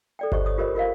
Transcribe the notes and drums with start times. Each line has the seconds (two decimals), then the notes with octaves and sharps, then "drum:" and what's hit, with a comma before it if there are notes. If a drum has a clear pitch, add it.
0.19 A4 D5 G5
0.32 G4 C5 D#5 C#6, drum: kick G1
0.44 C#5 D#6
0.58 F4 G4 A#4 C5 C#5 D#5
0.75 F4 A#4 D#5 F5